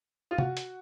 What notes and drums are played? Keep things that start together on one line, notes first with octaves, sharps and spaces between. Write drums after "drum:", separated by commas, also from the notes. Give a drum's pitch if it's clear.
F4
F#4, drum: tom C3
drum: hi-hat